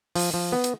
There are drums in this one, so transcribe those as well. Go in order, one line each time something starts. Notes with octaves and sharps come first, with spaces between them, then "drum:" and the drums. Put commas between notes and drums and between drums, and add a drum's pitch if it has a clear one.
F3, drum: open hi-hat
F3
B3
drum: hi-hat